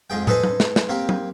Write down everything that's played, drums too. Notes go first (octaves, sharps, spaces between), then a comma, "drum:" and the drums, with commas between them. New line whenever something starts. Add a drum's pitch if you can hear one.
F2 G#2 G#4 G5
G#4 A4 B4 C5 D#5 G#5, drum: tom
drum: tom F#3
drum: snare
drum: snare
A#3 C4 G4
drum: tom F#3